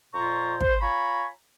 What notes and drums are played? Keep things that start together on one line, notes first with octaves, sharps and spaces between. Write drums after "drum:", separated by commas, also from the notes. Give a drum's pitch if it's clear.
F2 A#2 F4 C5 A#5 C#6
C5, drum: kick
F4 C#5 G#5 A#5 B5 C#6